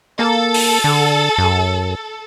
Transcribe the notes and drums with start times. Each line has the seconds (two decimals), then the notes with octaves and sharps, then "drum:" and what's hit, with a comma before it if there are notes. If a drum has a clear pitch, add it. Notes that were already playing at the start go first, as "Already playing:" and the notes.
0.19 A#3 A4
0.54 drum: open hi-hat
0.84 D3
1.38 F#2